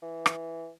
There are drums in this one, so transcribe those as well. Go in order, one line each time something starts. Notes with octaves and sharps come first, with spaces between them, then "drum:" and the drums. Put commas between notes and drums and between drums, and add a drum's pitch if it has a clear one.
E3
drum: rim click